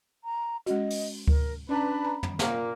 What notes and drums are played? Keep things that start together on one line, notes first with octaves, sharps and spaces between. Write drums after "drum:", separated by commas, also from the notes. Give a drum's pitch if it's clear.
A#5
G#3 C#4 F#4 D#5, drum: hi-hat
drum: open hi-hat
A#4, drum: kick D2
C#4 D4 B4 A#5 B5
A#5
drum: tom
A#2 A#3, drum: snare